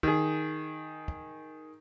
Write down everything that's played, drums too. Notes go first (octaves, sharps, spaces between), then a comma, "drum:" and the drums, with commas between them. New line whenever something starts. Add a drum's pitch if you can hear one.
D#3 G#4, drum: kick
drum: kick